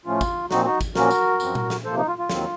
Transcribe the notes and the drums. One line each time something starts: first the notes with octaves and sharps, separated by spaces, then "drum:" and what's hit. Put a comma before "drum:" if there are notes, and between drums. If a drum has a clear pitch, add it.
A2 F3 A3 C#4 F4
drum: kick, tambourine
A#2 F3 C4 D#4 F#4, drum: snare
D#4 F#4
drum: kick, tambourine
A#2 F3 A#3 C#4 F#4 A#4, drum: snare
drum: tambourine
F#2 F3 C4, drum: tambourine
drum: tom A#2
drum: snare
C3 F3 A#3 A4 C5
D#4
F4
F4
D#2 D#3 F#3 C4, drum: snare